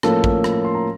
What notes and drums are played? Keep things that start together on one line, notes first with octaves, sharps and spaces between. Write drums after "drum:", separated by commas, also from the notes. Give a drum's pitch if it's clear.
A2 F3 A#3 C#4 A4 A5, drum: rim click
drum: kick
drum: rim click
C6
A#5